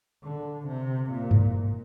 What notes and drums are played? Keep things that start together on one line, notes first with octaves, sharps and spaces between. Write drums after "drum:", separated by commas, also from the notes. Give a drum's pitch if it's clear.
D3
C3
A#2
drum: tom G2